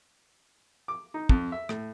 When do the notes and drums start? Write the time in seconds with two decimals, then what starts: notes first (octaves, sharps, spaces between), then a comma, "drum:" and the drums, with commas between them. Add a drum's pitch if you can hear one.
0.88 D6
1.14 D#4
1.29 F2, drum: kick
1.52 E5
1.69 A2, drum: rim click